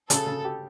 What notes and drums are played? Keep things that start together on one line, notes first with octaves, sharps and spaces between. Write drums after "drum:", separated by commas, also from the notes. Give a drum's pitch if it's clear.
C#3 A4, drum: hi-hat
C#3
G4